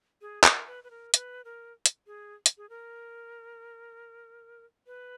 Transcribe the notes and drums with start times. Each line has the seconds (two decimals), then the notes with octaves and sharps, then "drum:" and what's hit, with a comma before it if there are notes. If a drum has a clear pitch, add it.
0.21 G#4
0.44 A#4, drum: clap
0.67 B4
0.84 B4
0.90 A#4
1.14 B4, drum: hi-hat
1.45 A#4
1.86 drum: hi-hat
2.07 G#4
2.46 drum: hi-hat
2.57 G#4
2.70 A#4
4.87 B4